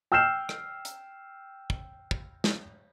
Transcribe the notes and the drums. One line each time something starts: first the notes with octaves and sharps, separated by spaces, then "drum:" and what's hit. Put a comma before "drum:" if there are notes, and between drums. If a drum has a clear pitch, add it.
G5 E6 F6 G6 C7 E7
drum: rim click
drum: hi-hat
drum: kick
drum: kick
drum: snare